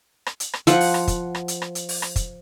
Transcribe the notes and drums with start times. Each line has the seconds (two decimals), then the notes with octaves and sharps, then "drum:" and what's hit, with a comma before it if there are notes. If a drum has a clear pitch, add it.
0.26 drum: rim click
0.40 drum: hi-hat
0.53 drum: rim click
0.67 F3 F#5, drum: hi-hat
0.81 drum: open hi-hat
0.94 drum: rim click
1.08 drum: kick, hi-hat
1.35 drum: rim click
1.48 drum: hi-hat
1.62 drum: rim click
1.75 drum: hi-hat
1.89 drum: open hi-hat
2.02 drum: rim click
2.16 drum: kick, hi-hat